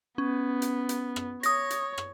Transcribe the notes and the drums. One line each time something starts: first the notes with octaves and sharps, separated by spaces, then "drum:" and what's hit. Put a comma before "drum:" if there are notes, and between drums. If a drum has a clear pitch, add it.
B3 C#4
drum: hi-hat
drum: hi-hat
drum: rim click
C#5 D#6 A#6, drum: hi-hat
drum: hi-hat
drum: rim click